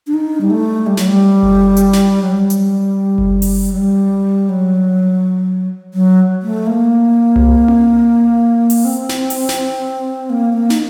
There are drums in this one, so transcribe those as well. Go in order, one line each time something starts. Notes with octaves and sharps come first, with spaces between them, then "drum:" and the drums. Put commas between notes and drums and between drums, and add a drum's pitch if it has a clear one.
D4
D#4
G3
A3
G3
F#3, drum: snare
G3
drum: kick F#1
drum: hi-hat
drum: snare
F#3
G3
drum: hi-hat
drum: kick F#1
drum: open hi-hat
F#3
G3
F#3
F#3
A3
A#3
drum: tom C2
drum: tom C4
drum: open hi-hat
C4
drum: snare
drum: open hi-hat
drum: snare
A#3
A#3
D#4, drum: snare